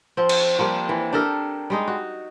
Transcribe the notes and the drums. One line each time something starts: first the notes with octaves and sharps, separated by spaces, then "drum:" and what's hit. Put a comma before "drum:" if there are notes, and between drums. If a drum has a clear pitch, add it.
F3 C4
drum: cymbal
F3 G3 A#3
E3
D4 G4 A4 A#4
G3 G#3 D#4
F#4